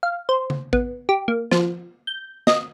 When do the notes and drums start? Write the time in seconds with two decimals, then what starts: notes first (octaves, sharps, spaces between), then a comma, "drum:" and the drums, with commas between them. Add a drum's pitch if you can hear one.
0.03 F5
0.29 C5
0.50 drum: tom C#3
0.73 B3, drum: kick A1
1.09 G4
1.28 A#3
1.51 F3, drum: snare
2.07 G6
2.47 D#5, drum: snare